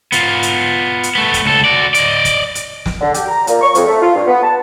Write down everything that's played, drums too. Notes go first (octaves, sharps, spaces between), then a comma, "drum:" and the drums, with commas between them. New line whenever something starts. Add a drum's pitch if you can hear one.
B3 F4, drum: hi-hat
drum: hi-hat
drum: hi-hat
A3 B3
drum: kick, hi-hat
C#2 A4
F#4 D5
D5 D#5, drum: hi-hat
drum: kick, hi-hat
drum: hi-hat
drum: snare
D3
G4, drum: hi-hat
A#5
A#2, drum: hi-hat
C#6
F2, drum: hi-hat
A3
F4
G2
B3
A5